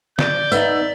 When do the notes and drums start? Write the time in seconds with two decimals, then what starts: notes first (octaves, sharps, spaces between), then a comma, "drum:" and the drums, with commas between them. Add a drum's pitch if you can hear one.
0.19 D5 G6, drum: snare
0.52 B3 D#4 E5, drum: tambourine